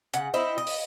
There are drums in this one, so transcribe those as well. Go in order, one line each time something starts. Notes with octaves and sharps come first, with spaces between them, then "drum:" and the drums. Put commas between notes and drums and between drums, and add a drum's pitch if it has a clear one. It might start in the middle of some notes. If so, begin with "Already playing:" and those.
C#3 F#5, drum: hi-hat
C4 D#4 E4
D#5
drum: open hi-hat